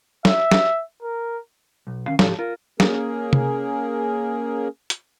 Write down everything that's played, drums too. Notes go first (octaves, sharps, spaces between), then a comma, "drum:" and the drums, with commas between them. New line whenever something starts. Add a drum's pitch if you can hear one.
E5, drum: snare
drum: snare
A#4
B1
D#3 C#4 F5
C#2 G#2 F3 G4 A4, drum: snare
F4 A#4
A#3 C#4 G#4 A#4, drum: snare
drum: tom
drum: hi-hat